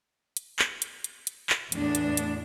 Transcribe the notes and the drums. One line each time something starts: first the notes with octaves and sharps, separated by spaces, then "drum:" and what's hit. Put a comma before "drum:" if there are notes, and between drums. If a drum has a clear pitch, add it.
drum: hi-hat
drum: clap
drum: hi-hat
drum: hi-hat
drum: hi-hat
drum: clap
E2 A2 D4, drum: hi-hat
drum: hi-hat
drum: hi-hat